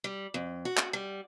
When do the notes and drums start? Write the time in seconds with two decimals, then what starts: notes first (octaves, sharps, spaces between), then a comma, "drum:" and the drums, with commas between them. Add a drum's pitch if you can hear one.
0.04 G3
0.34 F2
0.65 F#4
0.77 drum: clap
0.93 G3